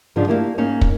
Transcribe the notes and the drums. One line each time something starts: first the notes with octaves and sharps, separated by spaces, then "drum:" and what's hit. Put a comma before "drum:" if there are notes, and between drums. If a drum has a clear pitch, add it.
G#2 C#3 F3 G#3 D4
A3 A#3 E4 G4 C#5 F5
G#2 A#3 C#4 D#4 C#5
drum: kick